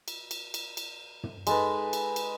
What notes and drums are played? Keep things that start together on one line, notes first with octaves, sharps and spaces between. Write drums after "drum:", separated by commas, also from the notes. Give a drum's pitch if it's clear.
drum: cymbal
drum: cymbal
drum: cymbal
drum: cymbal
drum: tom
G#3 D#4 A4 B4, drum: cymbal
drum: cymbal
drum: cymbal